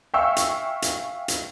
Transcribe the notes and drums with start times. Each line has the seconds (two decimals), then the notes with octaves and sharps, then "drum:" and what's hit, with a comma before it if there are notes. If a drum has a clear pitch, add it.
0.14 E5 F5 G5 G#5 C#6 E6
0.36 drum: hi-hat
0.82 drum: hi-hat
1.28 drum: hi-hat